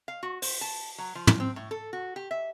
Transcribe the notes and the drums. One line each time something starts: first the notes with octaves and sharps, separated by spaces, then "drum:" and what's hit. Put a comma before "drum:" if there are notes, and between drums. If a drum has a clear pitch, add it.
F5
F#4
C5, drum: open hi-hat
A5
F#3
F3
drum: tom
C4
A2
A4
F#4
G4
E5